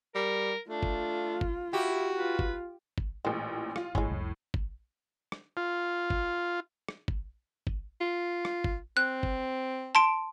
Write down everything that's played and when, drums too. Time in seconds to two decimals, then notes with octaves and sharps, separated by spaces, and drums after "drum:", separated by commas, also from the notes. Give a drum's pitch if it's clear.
0.15 G3 A#4
0.69 A3 D4 F4
0.83 drum: kick
1.41 drum: kick
1.73 E4 F#4 G4
2.15 F4 B4
2.39 drum: kick
2.98 drum: kick
3.25 A1 A#2 G#3 C4
3.76 F4, drum: rim click
3.95 G#1 A2 G#3 C#4, drum: kick
4.10 F1 C2
4.54 drum: kick
5.32 drum: rim click
5.57 F4
6.10 drum: kick
6.89 drum: rim click
7.08 drum: kick
7.67 drum: kick
8.01 F4
8.45 drum: rim click
8.64 drum: kick
8.97 C4 F#6
9.23 drum: kick
9.95 A5 C6 D7